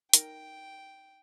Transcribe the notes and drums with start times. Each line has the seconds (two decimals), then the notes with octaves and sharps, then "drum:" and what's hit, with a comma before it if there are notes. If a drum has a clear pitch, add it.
0.13 D#4 A#4 G5 A#5, drum: hi-hat